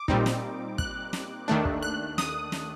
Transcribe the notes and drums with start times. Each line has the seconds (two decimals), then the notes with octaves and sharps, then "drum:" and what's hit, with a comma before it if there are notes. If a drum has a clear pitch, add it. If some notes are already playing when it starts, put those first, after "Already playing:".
Already playing: D6
0.08 A#2 G3 C4 D#4, drum: kick
0.26 drum: snare
0.78 F#6, drum: kick
1.13 drum: snare
1.48 D#2 D#3 A3 D4
1.65 drum: kick
1.83 F#6
2.18 D#6, drum: snare
2.52 drum: snare